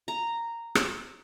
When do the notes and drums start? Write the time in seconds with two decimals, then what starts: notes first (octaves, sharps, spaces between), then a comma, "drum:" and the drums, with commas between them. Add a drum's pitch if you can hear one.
0.08 A#5
0.75 drum: rim click